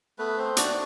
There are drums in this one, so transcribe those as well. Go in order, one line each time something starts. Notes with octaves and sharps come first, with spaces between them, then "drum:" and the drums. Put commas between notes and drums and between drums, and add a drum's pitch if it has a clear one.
A3 B3 B4
C4 C5
D4 F#4 D5, drum: hi-hat